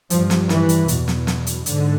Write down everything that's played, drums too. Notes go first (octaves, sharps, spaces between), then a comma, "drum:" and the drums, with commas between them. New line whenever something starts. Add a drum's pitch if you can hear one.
G2 F3, drum: hi-hat
drum: snare
E3, drum: snare
drum: hi-hat
E2 B2, drum: hi-hat
drum: snare
drum: snare
drum: hi-hat
G#2 D3, drum: hi-hat